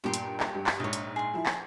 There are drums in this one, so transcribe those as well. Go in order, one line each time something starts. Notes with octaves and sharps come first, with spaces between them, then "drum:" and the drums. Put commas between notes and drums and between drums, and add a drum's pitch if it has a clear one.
G2 A#2 D#4 G4 C6
drum: hi-hat
drum: clap
G2
drum: clap
A#1 G#2 C#5 D#5
drum: hi-hat
G#4 C6
F3 E4
drum: clap